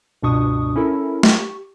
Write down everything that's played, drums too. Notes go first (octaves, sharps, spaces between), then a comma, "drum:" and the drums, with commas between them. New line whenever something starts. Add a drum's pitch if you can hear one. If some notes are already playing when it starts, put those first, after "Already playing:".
C#2 G2 B2 D4 C#6 D#6
C#4 E4 A4 A#4
G4 C#6, drum: snare